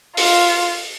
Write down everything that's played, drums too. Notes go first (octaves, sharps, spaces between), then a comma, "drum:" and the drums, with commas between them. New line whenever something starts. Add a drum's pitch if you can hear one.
F4, drum: open hi-hat